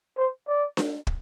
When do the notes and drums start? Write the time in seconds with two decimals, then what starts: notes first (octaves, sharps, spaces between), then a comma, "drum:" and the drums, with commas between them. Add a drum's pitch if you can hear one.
0.17 C5
0.47 D5
0.77 drum: snare D4
1.07 drum: kick